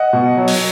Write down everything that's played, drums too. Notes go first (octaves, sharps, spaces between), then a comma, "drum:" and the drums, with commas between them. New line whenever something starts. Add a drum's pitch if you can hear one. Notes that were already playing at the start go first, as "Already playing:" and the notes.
Already playing: D#5 F#5
B2
F#3
drum: open hi-hat